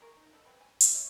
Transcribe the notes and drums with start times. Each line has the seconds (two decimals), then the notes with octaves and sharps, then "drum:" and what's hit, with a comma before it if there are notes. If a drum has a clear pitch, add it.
0.01 G#4 A#4 C#6
0.17 D#4
0.31 B2 D#4 A4
0.45 F#3 G#3 C4 B4
0.61 G#5
0.81 drum: hi-hat
0.95 C#5 E5